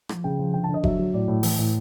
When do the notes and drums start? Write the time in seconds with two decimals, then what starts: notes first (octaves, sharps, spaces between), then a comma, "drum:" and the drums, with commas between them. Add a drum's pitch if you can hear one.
0.09 F3, drum: rim click
0.24 C#3 G5
0.39 F3
0.53 D3 G5
0.64 D3 A5
0.74 D#5
0.84 F#3 E5, drum: kick F1
0.99 F#3
1.14 A2 D5
1.28 A2
1.43 E3, drum: open hi-hat
1.59 A2